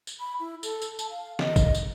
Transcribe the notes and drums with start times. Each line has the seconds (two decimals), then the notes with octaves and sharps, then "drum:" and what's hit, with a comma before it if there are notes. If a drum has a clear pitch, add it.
0.07 drum: tambourine
0.20 B5
0.39 E4
0.63 A4, drum: tambourine
0.82 drum: tambourine
0.99 A5, drum: tambourine
1.10 F5
1.39 D#5, drum: snare
1.56 drum: kick, tambourine
1.75 drum: tambourine